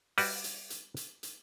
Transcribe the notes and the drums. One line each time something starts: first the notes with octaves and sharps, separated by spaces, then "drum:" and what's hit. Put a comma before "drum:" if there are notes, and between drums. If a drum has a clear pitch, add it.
G3 F#4 B4 D5 D#5, drum: open hi-hat
drum: hi-hat
drum: hi-hat
drum: hi-hat
drum: hi-hat